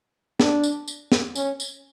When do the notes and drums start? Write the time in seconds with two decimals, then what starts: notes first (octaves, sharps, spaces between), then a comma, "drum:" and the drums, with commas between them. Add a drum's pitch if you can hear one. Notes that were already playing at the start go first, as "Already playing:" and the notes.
0.40 D4, drum: snare
0.64 drum: tambourine
0.88 drum: tambourine
1.12 drum: snare
1.35 C#4, drum: tambourine
1.60 drum: tambourine